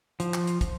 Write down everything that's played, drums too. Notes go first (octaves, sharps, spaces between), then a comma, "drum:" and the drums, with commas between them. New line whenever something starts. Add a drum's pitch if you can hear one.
F3, drum: hi-hat
drum: clap
drum: hi-hat
drum: kick, hi-hat